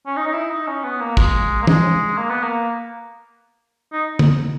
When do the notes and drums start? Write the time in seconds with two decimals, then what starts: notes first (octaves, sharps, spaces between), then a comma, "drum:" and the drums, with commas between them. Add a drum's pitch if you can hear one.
0.07 C#4
0.17 D#4
0.27 D#4
0.34 E4
0.50 D#4
0.67 C#4
0.84 B3
1.01 A#3
1.17 G#3, drum: kick
1.62 A#3
1.67 G#3, drum: tom
2.17 A#3
2.30 B3
2.43 A#3
3.93 D#4
4.19 drum: tom